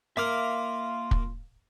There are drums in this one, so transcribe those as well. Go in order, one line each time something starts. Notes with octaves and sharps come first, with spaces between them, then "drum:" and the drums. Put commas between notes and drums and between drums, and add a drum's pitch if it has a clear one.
A#3 F4 E5 D6 F6
drum: kick